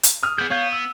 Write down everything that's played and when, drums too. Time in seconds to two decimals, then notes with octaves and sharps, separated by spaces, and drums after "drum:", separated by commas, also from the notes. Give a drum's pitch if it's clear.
0.03 drum: hi-hat
0.23 D#6 F6
0.38 B3 G#4 D5 G6
0.50 B3 C#5 F5 G6
0.72 E6